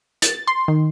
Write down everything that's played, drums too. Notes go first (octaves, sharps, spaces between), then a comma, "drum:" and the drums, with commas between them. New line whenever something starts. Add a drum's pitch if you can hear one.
A6, drum: hi-hat
C6
D#3